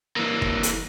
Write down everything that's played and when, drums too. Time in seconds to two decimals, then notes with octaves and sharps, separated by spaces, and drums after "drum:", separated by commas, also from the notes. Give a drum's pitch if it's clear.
0.17 E3 A#3
0.42 drum: kick
0.63 drum: hi-hat